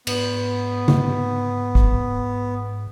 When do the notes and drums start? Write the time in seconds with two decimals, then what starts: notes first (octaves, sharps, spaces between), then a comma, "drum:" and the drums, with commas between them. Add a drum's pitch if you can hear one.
0.07 G#2 B3, drum: cymbal
0.88 drum: tom C#3
1.75 drum: kick